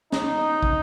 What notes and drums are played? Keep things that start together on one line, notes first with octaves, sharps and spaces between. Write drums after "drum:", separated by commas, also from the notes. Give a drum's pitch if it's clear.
D#4, drum: snare
drum: kick